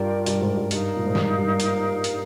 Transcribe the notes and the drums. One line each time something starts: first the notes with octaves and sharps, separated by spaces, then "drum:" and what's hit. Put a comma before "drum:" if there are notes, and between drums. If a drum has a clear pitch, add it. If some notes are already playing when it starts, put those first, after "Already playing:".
Already playing: G2 F4 A#4 D5 G5
G2, drum: hi-hat
G#2
G2
G2 D#4 A#4 F5, drum: hi-hat
A#2
G#2
G2, drum: snare
G2
drum: hi-hat
drum: hi-hat